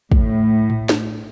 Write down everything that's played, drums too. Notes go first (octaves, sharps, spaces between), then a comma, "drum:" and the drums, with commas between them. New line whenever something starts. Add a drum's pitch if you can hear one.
A2, drum: kick
drum: tom A2
drum: snare